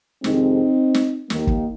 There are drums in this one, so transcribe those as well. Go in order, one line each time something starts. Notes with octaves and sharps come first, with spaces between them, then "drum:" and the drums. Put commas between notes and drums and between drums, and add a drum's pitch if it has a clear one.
F2 C3 D#3 G#3 C4 D#4, drum: snare
drum: snare
D#2 D#3 A#3, drum: snare
drum: kick